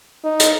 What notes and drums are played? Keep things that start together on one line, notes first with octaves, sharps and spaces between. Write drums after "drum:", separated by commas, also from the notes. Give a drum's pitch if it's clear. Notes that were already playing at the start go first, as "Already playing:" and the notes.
D#4
drum: hi-hat